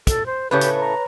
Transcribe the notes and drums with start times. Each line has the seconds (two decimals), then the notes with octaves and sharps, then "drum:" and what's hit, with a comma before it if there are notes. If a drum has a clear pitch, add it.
0.07 A4, drum: kick, hi-hat
0.26 C5
0.51 A2 C#3 A3 G4 B4 C#5
0.61 drum: hi-hat
0.80 A#5